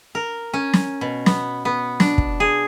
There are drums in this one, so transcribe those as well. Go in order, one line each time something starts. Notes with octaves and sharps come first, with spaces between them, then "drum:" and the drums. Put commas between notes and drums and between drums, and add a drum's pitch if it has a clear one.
A#4
C#4
drum: snare
B2
B3, drum: snare
B3
D4, drum: snare
drum: kick
G#4